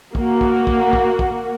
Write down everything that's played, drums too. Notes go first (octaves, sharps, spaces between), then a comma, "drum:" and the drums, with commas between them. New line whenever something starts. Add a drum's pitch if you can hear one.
A#3 F#4, drum: kick
drum: kick
drum: kick
drum: kick
drum: kick